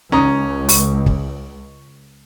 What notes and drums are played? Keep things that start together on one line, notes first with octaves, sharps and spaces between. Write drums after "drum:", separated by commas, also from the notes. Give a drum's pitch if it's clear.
C#2 C#4 A#5 D#6
C#6, drum: open hi-hat
drum: kick